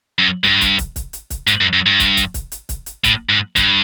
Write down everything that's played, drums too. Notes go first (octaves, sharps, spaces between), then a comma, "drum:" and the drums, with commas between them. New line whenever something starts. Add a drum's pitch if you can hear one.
F#2
G2, drum: snare
drum: kick, hi-hat
drum: kick, hi-hat
drum: kick, hi-hat
drum: hi-hat
drum: kick, hi-hat
G#2, drum: hi-hat
F#2
F#2
G2
drum: kick, hi-hat
drum: kick, hi-hat
drum: kick, hi-hat
drum: hi-hat
drum: kick, hi-hat
drum: hi-hat
A2, drum: kick, hi-hat
G#2
G2, drum: kick, hi-hat